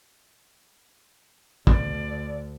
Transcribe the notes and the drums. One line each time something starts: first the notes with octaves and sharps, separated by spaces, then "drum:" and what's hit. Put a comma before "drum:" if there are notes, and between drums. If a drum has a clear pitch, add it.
D2 D5, drum: kick